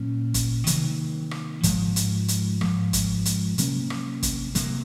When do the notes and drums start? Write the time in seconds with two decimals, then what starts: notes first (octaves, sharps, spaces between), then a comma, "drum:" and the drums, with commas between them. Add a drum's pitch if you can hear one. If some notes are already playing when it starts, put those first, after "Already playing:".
Already playing: A#2 F#3 C#4
0.34 drum: kick, hi-hat
0.67 C3 D#3 F#3 A#3, drum: hi-hat
1.31 drum: rim click
1.63 G#2 F3 G#3, drum: kick, hi-hat
1.96 drum: hi-hat
2.28 drum: hi-hat
2.61 G#2 F3 G#3, drum: rim click
2.93 drum: kick, hi-hat
3.25 drum: hi-hat
3.58 C3 F#3 A#3 C#4, drum: hi-hat
3.90 drum: rim click
4.23 drum: kick, hi-hat
4.55 C3 F#3 A#3, drum: hi-hat